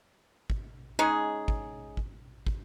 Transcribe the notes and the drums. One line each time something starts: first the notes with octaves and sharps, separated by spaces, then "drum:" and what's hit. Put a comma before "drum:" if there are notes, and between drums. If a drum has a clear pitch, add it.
drum: kick
G#3 C#4 D#4 G#4
drum: kick
drum: kick
drum: kick